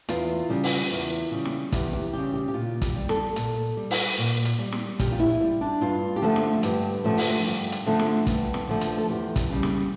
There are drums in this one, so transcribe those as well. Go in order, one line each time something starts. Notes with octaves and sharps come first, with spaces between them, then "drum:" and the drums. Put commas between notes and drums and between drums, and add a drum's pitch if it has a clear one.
E2 F4, drum: hi-hat
C#3 G3
drum: open hi-hat
E2
C#3 G3
drum: snare
E2 G4, drum: kick, hi-hat
G4
C#3 G3 G4
G4
G4
A#2 F4
G4, drum: kick, hi-hat
G3
A4, drum: snare
A#2, drum: hi-hat
G3
drum: open hi-hat
A#2
drum: hi-hat
G3
drum: snare
A#2 G4, drum: kick, hi-hat
F4
E4
G3
D4
G2 F4
G4
D3 F3 A3 F4
drum: snare
G2 G4, drum: hi-hat
D3 F3 A3
drum: open hi-hat
G2
drum: hi-hat
D3 F3 A3
drum: snare
G2, drum: kick, hi-hat
drum: snare
D3 F3 A3
drum: hi-hat
A4
E2 G4
drum: kick, hi-hat
C#3 G3
drum: snare